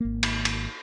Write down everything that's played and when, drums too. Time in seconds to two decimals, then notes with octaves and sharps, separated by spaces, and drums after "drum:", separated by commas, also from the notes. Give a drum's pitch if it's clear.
0.01 G#1 A#3
0.23 drum: cymbal
0.45 drum: cymbal